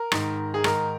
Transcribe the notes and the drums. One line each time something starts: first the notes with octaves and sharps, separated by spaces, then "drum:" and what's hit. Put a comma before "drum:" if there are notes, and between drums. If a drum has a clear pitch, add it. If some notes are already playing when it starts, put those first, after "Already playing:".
Already playing: A#4
G#2 D#3, drum: rim click
G#4
G#2 D#3 A#4, drum: rim click